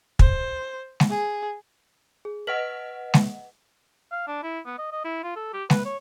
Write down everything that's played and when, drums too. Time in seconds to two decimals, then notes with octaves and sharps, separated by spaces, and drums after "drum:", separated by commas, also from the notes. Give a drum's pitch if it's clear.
0.19 C5, drum: kick
1.00 drum: snare G#3
1.10 G#4
2.25 G#4
2.47 B4 D#5 F#5 F6 B6 F#7
3.14 drum: snare G#3
4.12 F5
4.27 D4
4.43 E4
4.66 B3
4.78 D#5
4.92 D#5
5.05 E4
5.24 F4
5.36 A4
5.53 G4
5.70 B4, drum: snare G#3
5.85 C#5